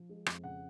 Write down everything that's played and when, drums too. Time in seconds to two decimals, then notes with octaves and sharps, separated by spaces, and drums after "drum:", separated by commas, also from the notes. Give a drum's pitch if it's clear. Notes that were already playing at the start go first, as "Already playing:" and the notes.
Already playing: F3
0.09 G#3
0.26 F2, drum: rim click
0.43 C#3 F#5